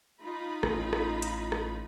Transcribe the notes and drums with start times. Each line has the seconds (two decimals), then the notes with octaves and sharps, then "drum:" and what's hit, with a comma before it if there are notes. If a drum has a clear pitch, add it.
0.23 D#4 F4 B5
0.63 A1, drum: rim click
0.93 drum: rim click
1.22 drum: hi-hat
1.52 drum: rim click